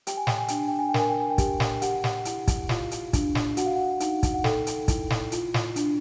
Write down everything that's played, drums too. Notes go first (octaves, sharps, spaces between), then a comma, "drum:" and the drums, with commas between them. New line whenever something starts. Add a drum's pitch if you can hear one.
G4 G5, drum: hi-hat
G#5
G5, drum: snare
G#5
D4 G5, drum: hi-hat
G#5
G5
G#5
G5
A#4 G#5, drum: snare
G5
G#5
G5
G4, drum: kick, hi-hat
drum: snare
G4 F#5, drum: hi-hat
drum: snare
E4, drum: hi-hat
drum: kick, hi-hat
F4 F5, drum: snare
drum: hi-hat
D4, drum: kick, hi-hat
drum: snare
F#4 F#5, drum: hi-hat
F5
F#5
D#4, drum: hi-hat
drum: kick, hi-hat
F#5
A4 G5, drum: snare
drum: hi-hat
E4, drum: kick, hi-hat
drum: snare
F4, drum: hi-hat
drum: snare
D4, drum: hi-hat